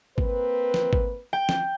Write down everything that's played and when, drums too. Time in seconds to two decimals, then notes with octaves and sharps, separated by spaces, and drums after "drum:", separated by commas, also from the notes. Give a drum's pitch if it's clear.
0.18 A#3 C4 B4, drum: kick G#1
0.74 drum: snare
0.93 drum: kick G#1
1.33 G5
1.49 drum: snare